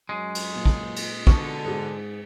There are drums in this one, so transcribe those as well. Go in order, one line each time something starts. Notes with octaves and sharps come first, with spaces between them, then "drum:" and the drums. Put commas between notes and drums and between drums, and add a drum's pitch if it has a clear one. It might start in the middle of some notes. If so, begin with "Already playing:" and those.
F#2 G#3 D#7
drum: cymbal
A#2
drum: kick
drum: cymbal
B2 D3 C#6, drum: kick
G#2 G#4